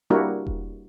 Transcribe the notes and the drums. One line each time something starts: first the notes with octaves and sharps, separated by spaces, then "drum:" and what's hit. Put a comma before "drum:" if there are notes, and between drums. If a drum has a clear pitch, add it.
G3 A#3 D4 E4 F#4 A#4
drum: kick E1